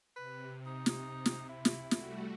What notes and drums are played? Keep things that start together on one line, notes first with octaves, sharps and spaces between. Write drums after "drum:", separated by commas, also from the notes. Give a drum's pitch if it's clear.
C3 B4
D#4
drum: snare
drum: snare
E4
drum: snare
G3 A3 F#4, drum: snare